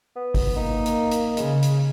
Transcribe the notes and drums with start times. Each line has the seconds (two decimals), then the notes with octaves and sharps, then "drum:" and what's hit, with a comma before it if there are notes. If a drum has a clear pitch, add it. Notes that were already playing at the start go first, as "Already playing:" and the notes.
0.16 B3
0.34 drum: kick G#1, open hi-hat
0.56 A#3 D#4
0.86 drum: hi-hat
1.11 drum: hi-hat
1.37 C#3 G#3, drum: hi-hat
1.62 drum: hi-hat